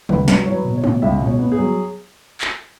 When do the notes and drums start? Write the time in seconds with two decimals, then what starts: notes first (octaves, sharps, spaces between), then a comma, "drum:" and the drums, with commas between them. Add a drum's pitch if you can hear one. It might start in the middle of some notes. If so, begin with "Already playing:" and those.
0.09 C#2 B4, drum: tom
0.28 F#3 B4, drum: snare
0.46 F#3 C#5
0.52 B4
0.65 B2
0.77 C#5
0.84 B2, drum: tom
1.02 C#2 E5
1.21 B2
1.27 C#5
1.39 B3
1.52 G#4
1.58 F#3
2.41 drum: clap